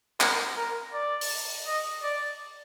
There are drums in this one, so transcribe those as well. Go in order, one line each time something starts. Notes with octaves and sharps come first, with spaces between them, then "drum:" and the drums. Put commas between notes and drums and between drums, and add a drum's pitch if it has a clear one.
A#4, drum: clap
A#4
D5
drum: open hi-hat
D#5
D5